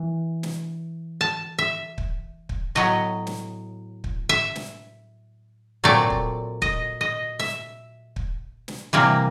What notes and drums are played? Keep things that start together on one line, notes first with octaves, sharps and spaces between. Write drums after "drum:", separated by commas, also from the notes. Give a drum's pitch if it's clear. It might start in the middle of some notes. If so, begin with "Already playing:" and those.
Already playing: E3
drum: snare
A5
E5
drum: kick
drum: kick
A2 F#3 B3 D#5
drum: snare
drum: kick
E5
drum: snare
A#2 F#3 A3 C4 D5
drum: kick
D#5, drum: kick
D#5
E5, drum: snare
drum: kick
drum: snare
C3 E3 G3 A#3